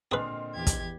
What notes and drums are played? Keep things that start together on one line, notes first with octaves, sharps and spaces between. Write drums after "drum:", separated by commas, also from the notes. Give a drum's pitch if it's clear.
A#2 D3 C4 G#4 B4 D#5 C6 F6
E2 G4 G#6
drum: kick, hi-hat